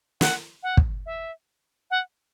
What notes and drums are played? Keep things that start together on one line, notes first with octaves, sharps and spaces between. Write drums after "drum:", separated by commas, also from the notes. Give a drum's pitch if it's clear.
F#5, drum: snare
F#5
drum: kick
E5
F#5